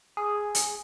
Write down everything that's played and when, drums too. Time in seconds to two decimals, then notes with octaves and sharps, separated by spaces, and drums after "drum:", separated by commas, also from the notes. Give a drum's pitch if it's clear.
0.17 G#4
0.55 drum: hi-hat